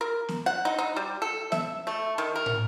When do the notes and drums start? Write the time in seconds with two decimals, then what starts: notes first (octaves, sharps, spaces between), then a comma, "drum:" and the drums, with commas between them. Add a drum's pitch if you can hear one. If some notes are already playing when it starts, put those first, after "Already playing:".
0.01 A#4
0.29 drum: snare
0.46 F#5
0.65 D#4
0.79 D#4
0.96 G3
1.22 A4
1.52 E5, drum: snare
1.87 A3
2.18 D#3
2.36 A#4
2.46 drum: tom